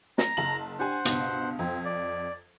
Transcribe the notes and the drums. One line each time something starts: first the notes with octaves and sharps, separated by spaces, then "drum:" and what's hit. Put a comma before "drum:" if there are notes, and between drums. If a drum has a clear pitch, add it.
A#5, drum: snare
F#1 A5 F#7
D4 G4 C5 F#5 G#5
C#2 G2 B2, drum: hi-hat
F2 C4
D5